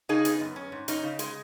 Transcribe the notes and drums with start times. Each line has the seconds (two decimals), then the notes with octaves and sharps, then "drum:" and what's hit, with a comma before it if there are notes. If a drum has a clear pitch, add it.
0.09 C#3 D#4 G#4
0.25 B3, drum: hi-hat
0.40 F#2
0.56 C#4
0.72 G#2
0.88 C#4 D#4, drum: hi-hat
1.03 C#3
1.19 G#3, drum: hi-hat